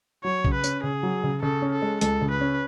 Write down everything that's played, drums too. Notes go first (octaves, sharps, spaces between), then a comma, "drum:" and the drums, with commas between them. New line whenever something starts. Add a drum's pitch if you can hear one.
F#3 C#5
C#3, drum: kick A#1
B4
C#4, drum: tambourine
C#3 G#4
F#3
C#3
C#3 A4
C#4
A4
G#3
C#2 A4, drum: hi-hat
C#3
B4
C#4